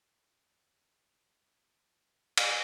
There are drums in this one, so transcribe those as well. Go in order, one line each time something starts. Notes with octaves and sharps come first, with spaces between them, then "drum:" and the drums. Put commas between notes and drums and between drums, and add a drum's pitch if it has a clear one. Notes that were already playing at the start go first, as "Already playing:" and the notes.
A1 E2 G3 C4 C#4 F5 G6
drum: cymbal